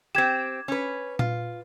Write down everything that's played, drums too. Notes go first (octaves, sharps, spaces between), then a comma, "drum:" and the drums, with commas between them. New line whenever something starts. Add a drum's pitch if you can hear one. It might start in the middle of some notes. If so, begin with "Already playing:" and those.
C4 G4 G#6 E7
C#4 B4
F4, drum: tom A#2